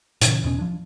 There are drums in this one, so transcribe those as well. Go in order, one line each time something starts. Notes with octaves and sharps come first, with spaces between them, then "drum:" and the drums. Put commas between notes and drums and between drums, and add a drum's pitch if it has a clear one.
A#2 C#3 E3, drum: hi-hat
E1 E2 B2 C#4
F3 D4